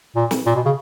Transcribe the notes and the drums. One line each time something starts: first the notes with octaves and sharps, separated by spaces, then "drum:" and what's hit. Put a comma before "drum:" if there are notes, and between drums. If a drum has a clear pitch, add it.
A#2
drum: snare
A#2
B2
C#3